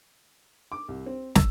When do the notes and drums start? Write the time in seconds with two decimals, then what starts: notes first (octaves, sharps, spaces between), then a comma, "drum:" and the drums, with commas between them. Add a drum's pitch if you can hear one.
0.72 D6
0.88 C2
1.06 C4
1.35 E6, drum: snare